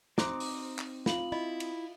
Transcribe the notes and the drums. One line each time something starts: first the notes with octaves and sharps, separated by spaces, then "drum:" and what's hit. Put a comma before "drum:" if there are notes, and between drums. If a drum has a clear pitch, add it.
C4 D#4 F#4 C5 A#5 C6 D6, drum: snare
drum: open hi-hat
drum: clap
F4 F5 B5 F#7, drum: snare
E4 D#5 B5
drum: cymbal